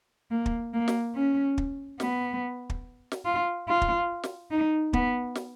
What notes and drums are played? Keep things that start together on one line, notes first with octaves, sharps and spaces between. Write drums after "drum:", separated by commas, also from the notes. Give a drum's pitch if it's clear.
A#3
drum: kick
A#3
drum: snare
C#4
drum: kick
B3, drum: snare
drum: kick
drum: snare
F4
F4
drum: kick
drum: snare
D#4
B3, drum: kick
drum: snare